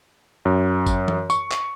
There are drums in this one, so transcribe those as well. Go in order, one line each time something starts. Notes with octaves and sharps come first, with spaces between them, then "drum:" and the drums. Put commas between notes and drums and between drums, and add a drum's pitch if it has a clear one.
F#2
drum: kick, tambourine
drum: tom
C#6, drum: tambourine
drum: clap